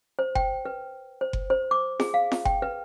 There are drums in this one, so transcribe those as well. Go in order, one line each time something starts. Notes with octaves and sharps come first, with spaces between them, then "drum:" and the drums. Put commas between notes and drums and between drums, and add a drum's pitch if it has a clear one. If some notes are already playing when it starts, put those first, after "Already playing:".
C5
G5, drum: kick F#1
B4
C5
drum: kick F#1
C5
D6
G#4, drum: snare
F5
drum: snare
G5, drum: kick F#1
B4